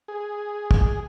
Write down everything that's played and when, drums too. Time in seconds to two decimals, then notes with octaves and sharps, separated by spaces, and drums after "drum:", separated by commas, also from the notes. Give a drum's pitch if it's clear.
0.08 G#4
0.71 drum: kick